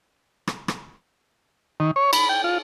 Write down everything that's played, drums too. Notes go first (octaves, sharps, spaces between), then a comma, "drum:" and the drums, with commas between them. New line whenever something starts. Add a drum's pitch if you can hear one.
drum: rim click
drum: rim click
D#3
C#5
B5, drum: cymbal
G5
F4